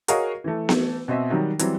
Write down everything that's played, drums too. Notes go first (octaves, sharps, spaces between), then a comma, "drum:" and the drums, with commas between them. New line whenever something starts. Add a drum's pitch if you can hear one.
F#4 G#4 A#4 C#5 D#5 F5, drum: hi-hat
E3 A3
drum: snare B3
B2 C4 D#5 E5
D#3 F#3 G3
E3 F#3 G3 C4, drum: hi-hat